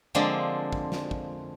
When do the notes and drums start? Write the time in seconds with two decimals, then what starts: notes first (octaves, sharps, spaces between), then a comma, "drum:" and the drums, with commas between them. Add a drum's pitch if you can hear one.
0.15 D3 F3 G#3 A#3 C4 D4
0.73 drum: kick
0.92 drum: snare
1.11 drum: kick